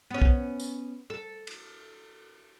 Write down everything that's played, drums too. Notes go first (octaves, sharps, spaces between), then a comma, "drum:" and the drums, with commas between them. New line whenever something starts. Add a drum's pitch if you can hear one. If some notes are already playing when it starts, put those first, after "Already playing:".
B3 C#4
drum: kick
drum: tambourine
A4
drum: cymbal